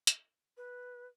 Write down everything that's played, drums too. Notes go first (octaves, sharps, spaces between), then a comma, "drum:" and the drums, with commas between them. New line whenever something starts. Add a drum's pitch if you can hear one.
drum: hi-hat
B4